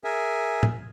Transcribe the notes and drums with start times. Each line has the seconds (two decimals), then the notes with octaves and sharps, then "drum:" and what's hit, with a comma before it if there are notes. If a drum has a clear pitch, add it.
0.04 G#4 A#4 E5 G#5
0.63 drum: tom